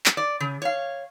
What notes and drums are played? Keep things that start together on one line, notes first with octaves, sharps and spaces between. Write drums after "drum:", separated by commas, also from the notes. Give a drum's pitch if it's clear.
drum: clap
D5
C#3
C#5 F5